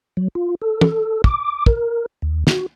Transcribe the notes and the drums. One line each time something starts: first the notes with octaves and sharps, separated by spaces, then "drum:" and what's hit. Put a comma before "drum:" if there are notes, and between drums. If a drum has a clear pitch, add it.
F#3
F4
A4
drum: tom
D6, drum: kick
A#4, drum: kick
D#2
F#4, drum: snare